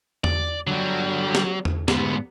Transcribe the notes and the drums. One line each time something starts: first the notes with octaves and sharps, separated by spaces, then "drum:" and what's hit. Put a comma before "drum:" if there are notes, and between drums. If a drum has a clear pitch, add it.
D5, drum: tom E2
D3 F#3 G3
drum: snare
drum: tom E2
D2 G#2 B3, drum: snare